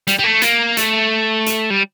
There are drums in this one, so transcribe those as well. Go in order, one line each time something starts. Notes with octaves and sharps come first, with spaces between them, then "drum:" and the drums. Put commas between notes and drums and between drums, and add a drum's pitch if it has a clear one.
G3, drum: hi-hat
G3
A3
A#3, drum: hi-hat
A3, drum: hi-hat
drum: hi-hat
G3